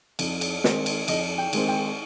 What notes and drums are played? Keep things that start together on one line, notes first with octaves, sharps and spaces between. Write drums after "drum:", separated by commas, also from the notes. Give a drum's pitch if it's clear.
F2, drum: cymbal
drum: cymbal
D#3 G#3 C4, drum: snare
drum: cymbal
F2 D#5, drum: cymbal
G5
D#3 G#3 C4, drum: cymbal
G5